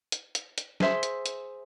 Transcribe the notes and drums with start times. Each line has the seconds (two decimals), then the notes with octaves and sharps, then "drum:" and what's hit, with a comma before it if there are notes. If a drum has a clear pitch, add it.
0.12 drum: hi-hat
0.35 drum: hi-hat
0.58 drum: hi-hat
0.80 G#4 C5 E5 C6, drum: snare
1.03 drum: hi-hat
1.26 drum: hi-hat